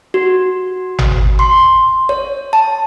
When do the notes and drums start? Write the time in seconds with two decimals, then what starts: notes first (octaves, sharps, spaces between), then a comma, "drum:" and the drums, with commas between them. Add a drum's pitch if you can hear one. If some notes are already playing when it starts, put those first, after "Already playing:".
0.14 F#4
0.98 drum: tom G#1
1.39 C6
2.09 C#5
2.53 A5